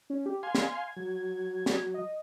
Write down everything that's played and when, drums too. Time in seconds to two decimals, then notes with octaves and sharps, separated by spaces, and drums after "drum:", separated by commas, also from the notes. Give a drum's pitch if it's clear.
0.10 C#4
0.26 G4
0.43 F5 G#5 C6 G#6
0.55 drum: snare
0.96 F#3
1.66 drum: snare
1.94 D#5